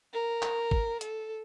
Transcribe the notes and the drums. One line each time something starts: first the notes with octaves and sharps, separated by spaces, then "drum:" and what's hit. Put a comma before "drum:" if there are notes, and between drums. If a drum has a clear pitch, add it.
A#4
drum: clap
drum: kick
A4, drum: hi-hat